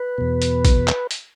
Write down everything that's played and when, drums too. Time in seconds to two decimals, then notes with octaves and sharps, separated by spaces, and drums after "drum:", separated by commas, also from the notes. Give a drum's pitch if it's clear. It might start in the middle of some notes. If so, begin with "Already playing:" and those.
Already playing: B4
0.18 E2 B2
0.42 drum: hi-hat
0.65 drum: kick, hi-hat
0.88 drum: clap
1.11 drum: hi-hat